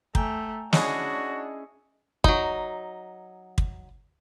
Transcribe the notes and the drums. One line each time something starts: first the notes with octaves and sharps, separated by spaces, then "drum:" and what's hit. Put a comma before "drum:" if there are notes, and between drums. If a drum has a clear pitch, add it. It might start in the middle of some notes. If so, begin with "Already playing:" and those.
A3 G5 G#5 A#5, drum: kick
C#4 D4 E4 F#4 G#4 D#5 D#6, drum: snare
F#3 D#4, drum: kick
drum: kick